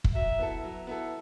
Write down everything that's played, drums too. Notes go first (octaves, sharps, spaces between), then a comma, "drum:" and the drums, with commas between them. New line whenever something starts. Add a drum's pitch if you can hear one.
drum: kick
F#3 E5
B3 E4 A4
F#3
B3 E4 A4